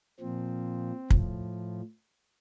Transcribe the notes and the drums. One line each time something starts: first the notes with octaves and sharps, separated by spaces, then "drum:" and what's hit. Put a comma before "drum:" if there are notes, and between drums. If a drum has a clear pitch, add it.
A#2 F3 C4
A2 F3, drum: kick